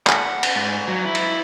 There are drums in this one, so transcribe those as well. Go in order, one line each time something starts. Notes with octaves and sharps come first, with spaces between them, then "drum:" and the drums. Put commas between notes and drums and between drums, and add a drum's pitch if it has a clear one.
F#5, drum: clap
drum: cymbal
G#2
F#3
E4
drum: cymbal